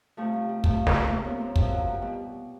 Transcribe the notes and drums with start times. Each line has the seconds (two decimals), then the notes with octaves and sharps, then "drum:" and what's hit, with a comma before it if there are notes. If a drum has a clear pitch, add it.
0.17 C3 F3 G3 A3
0.33 G3
0.49 G3
0.64 C3 F3 G3 A3, drum: kick
0.87 drum: snare
1.09 C3 F3 G#3 A#3
1.25 B3 C#4
1.40 A#3 C4
1.56 C3 F3 G3, drum: kick
1.71 F#3
1.87 G3
2.01 B2 G3